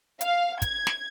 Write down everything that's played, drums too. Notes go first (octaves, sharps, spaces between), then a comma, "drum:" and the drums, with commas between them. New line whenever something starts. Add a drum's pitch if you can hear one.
F5, drum: hi-hat
G#6, drum: kick, hi-hat
drum: snare